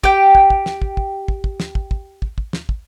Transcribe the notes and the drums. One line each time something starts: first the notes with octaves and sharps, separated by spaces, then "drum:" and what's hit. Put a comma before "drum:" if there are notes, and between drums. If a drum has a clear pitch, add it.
G4 G5, drum: kick
drum: kick
drum: kick
drum: snare
drum: kick
drum: kick
drum: kick
drum: kick
drum: snare
drum: kick
drum: kick
drum: kick
drum: kick
drum: snare
drum: kick